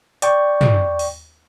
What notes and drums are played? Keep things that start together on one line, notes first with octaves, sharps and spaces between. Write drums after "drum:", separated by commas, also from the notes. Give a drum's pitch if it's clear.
D5 G5 C#6, drum: hi-hat
drum: tom
drum: open hi-hat